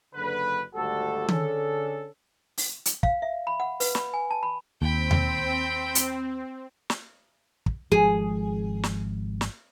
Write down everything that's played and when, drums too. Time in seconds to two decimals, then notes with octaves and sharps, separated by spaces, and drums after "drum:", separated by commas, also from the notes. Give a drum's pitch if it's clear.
0.14 F#1 D3 B4
0.74 G#1 D2 G3 F#4 A4
1.28 D3 C#4 D4 G#4 A4, drum: tom D#3
2.58 drum: open hi-hat
2.86 drum: hi-hat
3.03 F5, drum: kick
3.22 E5
3.47 B5
3.60 F#5
3.80 B4, drum: open hi-hat
3.95 B5, drum: snare
4.14 G#5
4.31 A5
4.43 B5
4.82 D#2 C4 G5 B5
5.11 drum: tom D#2
5.95 drum: hi-hat
6.90 drum: snare
7.66 drum: kick
7.92 G#1 F3 G#3 G#4
8.83 drum: snare
9.41 drum: snare